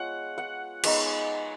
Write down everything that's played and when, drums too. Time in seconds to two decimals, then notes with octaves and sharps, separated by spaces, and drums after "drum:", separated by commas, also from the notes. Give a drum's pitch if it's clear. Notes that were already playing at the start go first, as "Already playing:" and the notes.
Already playing: G#3 B3 F4 C#5 F#5
0.38 F#5
0.84 G#3 B3 D#4, drum: cymbal